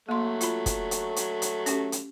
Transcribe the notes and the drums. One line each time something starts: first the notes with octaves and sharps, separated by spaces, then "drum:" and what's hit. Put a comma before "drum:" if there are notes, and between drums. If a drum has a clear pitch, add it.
F#3 A3 A#3 C6
F4 B5, drum: hi-hat
drum: kick, hi-hat
drum: hi-hat
drum: hi-hat
drum: hi-hat
C#4 G4, drum: hi-hat
drum: hi-hat